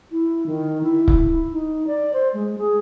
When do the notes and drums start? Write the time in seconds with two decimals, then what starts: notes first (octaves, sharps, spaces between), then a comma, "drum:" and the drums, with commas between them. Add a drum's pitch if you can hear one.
0.11 E4
0.46 D#3
0.83 E4
1.08 drum: kick C#1
1.52 D#4
1.87 D5
2.13 C5
2.34 G#3
2.58 G#4